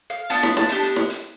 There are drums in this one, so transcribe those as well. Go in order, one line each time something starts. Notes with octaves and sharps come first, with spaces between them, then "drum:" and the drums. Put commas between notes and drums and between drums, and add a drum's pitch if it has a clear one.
F5
B3 D4 F4 A5, drum: hi-hat
B5, drum: snare
A5, drum: snare
B3 D4 G4 A5, drum: hi-hat
drum: hi-hat
drum: snare
drum: hi-hat